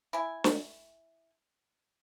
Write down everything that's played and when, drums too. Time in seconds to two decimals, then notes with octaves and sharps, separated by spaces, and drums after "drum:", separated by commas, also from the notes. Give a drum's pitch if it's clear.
0.13 E4 G#5
0.44 drum: snare